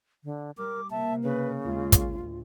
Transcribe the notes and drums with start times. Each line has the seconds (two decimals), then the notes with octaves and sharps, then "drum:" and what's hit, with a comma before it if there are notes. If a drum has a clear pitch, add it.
0.24 D3
0.58 G3 A#4 D6
0.91 C3 A#3 E5 A5
1.23 C#3 B4
1.64 D#2 G#3 F4
1.92 drum: kick, hi-hat
2.05 D2 A2